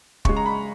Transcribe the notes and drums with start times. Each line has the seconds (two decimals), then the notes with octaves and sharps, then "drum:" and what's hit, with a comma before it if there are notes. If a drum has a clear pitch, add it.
0.25 C#3 G#3 C#6, drum: kick
0.37 A#5
0.46 B5